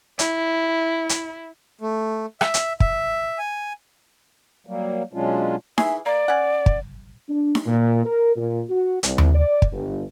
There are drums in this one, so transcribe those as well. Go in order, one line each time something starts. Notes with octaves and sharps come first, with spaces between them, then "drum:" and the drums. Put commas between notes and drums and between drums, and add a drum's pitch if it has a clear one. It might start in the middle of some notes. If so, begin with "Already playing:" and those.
E4, drum: hi-hat
drum: hi-hat
A3
E5, drum: rim click
drum: hi-hat
E5, drum: kick
G#5
F#3 G3 A#3
B2 F#3 G#3 C#4 D4 F4
E3 G#4 E5, drum: snare D#4
A#3 D5
C#4 F#5
drum: kick
D4
drum: snare D#4
A#2
A#4
A#2
F#4
C2, drum: hi-hat
drum: tom D#2
D5
drum: kick
G1